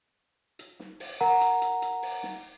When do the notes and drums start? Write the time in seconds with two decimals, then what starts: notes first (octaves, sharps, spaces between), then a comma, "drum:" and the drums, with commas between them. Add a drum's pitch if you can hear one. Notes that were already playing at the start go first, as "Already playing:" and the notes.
0.59 drum: hi-hat
0.80 drum: snare
1.00 drum: open hi-hat
1.21 A#4 F#5 A#5
1.41 drum: hi-hat
1.62 drum: hi-hat
1.82 drum: hi-hat
2.03 drum: open hi-hat
2.23 drum: snare